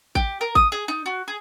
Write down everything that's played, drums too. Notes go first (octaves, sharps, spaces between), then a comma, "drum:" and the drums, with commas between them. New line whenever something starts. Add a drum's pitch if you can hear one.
G4, drum: kick G#1
A#4
D#6, drum: kick G#1
G#4
D#4
F#4
G#4